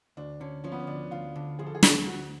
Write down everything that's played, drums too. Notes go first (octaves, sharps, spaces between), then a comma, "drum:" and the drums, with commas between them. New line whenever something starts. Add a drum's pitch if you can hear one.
D2 D4
D3 C#4
F3 C#4
B3
C#4
D2 D4
D2 F4
D3
F3 G#4
A4
G#4
D2, drum: snare
D2 F#4